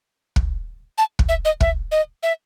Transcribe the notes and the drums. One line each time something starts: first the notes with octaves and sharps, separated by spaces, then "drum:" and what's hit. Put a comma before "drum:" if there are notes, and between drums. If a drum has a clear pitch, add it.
drum: kick
A5
drum: kick
E5
D#5
E5, drum: kick
D#5
E5